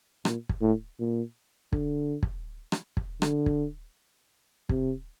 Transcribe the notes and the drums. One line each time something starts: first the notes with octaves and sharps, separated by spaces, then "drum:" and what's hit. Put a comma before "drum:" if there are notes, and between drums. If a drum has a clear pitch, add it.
A#2, drum: rim click
drum: kick
A2
A#2
D3, drum: kick
drum: kick
drum: rim click
drum: kick
D3, drum: rim click
drum: kick
C3, drum: kick